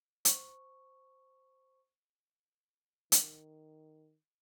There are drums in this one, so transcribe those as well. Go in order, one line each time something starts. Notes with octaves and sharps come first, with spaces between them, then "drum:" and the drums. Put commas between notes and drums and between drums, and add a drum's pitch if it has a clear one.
C5 C#6, drum: hi-hat
D#3, drum: hi-hat